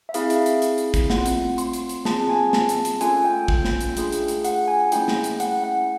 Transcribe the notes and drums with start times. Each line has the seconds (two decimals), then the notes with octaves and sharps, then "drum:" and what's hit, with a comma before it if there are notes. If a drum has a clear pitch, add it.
0.09 E5
0.14 C4 E4 G#4 F5, drum: hi-hat
0.30 drum: hi-hat
0.46 drum: hi-hat
0.62 drum: hi-hat
0.78 drum: hi-hat
0.94 drum: kick, hi-hat
1.10 A3 C4 F4 F#5, drum: snare
1.26 drum: hi-hat
1.58 C6, drum: hi-hat
1.73 drum: hi-hat
1.89 drum: hi-hat
2.05 C4 F4 G#4 A5, drum: snare
2.29 G#5
2.53 A5, drum: snare
2.69 drum: hi-hat
2.85 drum: hi-hat
3.01 A3 C#4 F4 A4 G#5, drum: hi-hat
3.25 G5
3.48 G5, drum: kick
3.65 drum: snare
3.81 drum: hi-hat
3.97 A3 D4 F4 G#4, drum: hi-hat
4.12 drum: hi-hat
4.28 drum: hi-hat
4.44 F#5, drum: hi-hat
4.68 G#5
4.92 A3 C#4 E4 G#4 G5, drum: hi-hat
5.08 drum: snare
5.24 drum: hi-hat
5.40 F#5, drum: hi-hat
5.64 F#5